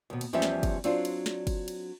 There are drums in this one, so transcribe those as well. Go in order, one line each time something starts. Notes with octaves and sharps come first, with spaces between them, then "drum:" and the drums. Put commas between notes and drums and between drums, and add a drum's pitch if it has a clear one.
D#2 B2
drum: cymbal
E2 F3 G3 C#4 G4 E5
drum: snare
drum: kick F#1, cymbal
F#3 C4 D4 F4, drum: cymbal
drum: cymbal
drum: snare
drum: kick F#1, cymbal
drum: cymbal